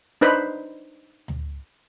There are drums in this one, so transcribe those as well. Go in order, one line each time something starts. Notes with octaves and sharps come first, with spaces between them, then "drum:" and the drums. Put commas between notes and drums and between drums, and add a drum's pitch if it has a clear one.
D4 D#4 B4 C5 B5
drum: tom D2